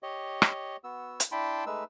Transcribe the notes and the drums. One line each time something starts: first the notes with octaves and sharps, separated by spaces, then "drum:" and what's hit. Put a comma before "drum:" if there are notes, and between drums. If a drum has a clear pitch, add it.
G4 C#5 D#5
drum: rim click
B3 F#4 E6
drum: hi-hat
D4 E4 G5 A5 B5 C6
G#3 A3 D#4 B4 E6